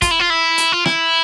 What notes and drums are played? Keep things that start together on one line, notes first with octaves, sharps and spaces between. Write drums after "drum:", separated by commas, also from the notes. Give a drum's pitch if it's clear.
F4, drum: kick, hi-hat
E4
F4
E4
drum: hi-hat
F4
E4, drum: rim click